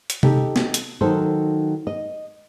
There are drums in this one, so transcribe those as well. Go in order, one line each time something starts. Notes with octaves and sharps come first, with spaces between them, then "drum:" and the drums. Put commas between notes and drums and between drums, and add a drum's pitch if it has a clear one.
drum: hi-hat
D#4 G4 A4, drum: tom C3
drum: snare
drum: hi-hat
D#3 F#3 D#4 A4 C5
D#5